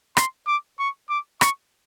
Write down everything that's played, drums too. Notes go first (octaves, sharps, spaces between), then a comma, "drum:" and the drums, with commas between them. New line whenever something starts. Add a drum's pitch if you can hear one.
C6, drum: rim click
D6
C#6
D6
C#6, drum: rim click